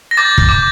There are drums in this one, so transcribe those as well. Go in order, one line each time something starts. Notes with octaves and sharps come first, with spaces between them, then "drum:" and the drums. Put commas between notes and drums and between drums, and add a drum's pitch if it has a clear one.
A#6
D6 G6 A6
drum: kick
D6 G6